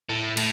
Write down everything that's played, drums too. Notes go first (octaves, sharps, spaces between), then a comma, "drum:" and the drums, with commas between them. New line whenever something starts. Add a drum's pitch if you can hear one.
A2
A2, drum: cymbal